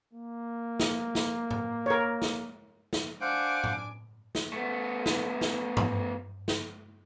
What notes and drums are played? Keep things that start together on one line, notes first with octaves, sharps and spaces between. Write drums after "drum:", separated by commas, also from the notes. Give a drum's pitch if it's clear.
A#3
drum: snare
drum: snare
drum: tom A2
A#4 C#5
drum: snare
drum: snare
D4 C5 F5 F#5 G#5 D6
drum: tom A2
drum: snare
A3 B3
drum: snare
drum: snare
drum: tom G2
drum: snare